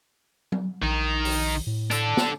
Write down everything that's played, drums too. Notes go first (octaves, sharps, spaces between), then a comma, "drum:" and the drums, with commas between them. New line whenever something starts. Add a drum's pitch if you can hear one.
drum: tom F#3
A#1 D#3 D#4
drum: open hi-hat
A2
D4 A4, drum: hi-hat
drum: snare